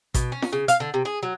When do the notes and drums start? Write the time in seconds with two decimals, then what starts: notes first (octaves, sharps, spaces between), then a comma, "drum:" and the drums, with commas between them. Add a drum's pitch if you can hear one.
0.14 B2, drum: kick A1, hi-hat
0.32 C#4
0.42 drum: snare
0.53 C#3
0.68 F5, drum: hi-hat
0.80 D3
0.94 C3
1.05 G#4
1.23 F#3